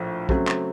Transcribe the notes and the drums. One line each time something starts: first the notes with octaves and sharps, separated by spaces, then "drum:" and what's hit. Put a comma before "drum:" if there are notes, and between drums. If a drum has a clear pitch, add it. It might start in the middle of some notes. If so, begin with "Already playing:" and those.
Already playing: A#1 A2 F3
C#3 F#3 A3 C4, drum: kick
drum: clap